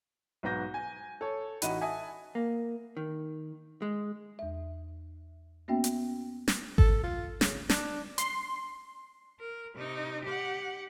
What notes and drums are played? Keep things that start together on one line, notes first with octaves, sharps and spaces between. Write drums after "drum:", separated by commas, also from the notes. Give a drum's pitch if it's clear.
B1 G#2 B3 F#4 G6 A#6
G#5
A4 C#5
A1 D#4 E4 F#4 B5 D#7, drum: hi-hat
D#5 E5 F#5 G#5 A5 D#6
A#3
D#3
G#3
E2 E5
A#3 B3 C#4 F#4 E5 G5
drum: hi-hat
drum: snare
A4, drum: kick G#1
F4
C#3, drum: snare
D4, drum: snare
C6, drum: hi-hat
A#4
C3 D#4
G4 F#5